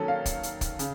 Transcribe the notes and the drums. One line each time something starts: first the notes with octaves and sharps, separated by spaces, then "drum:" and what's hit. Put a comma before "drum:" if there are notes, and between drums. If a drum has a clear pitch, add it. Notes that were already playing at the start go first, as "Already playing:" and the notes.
Already playing: D#3 F#3 A#3 C#4 A4
F5
drum: kick, hi-hat
drum: hi-hat
drum: kick, hi-hat
C#3, drum: hi-hat